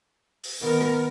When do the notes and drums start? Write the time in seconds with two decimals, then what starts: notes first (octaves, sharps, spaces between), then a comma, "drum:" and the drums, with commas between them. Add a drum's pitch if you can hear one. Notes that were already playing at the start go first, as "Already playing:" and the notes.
0.44 drum: open hi-hat
0.62 D#3 B3 A#4
0.81 drum: rim click